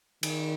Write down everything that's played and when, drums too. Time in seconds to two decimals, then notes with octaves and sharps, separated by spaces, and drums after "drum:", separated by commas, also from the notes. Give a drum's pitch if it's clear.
0.23 D#3, drum: cymbal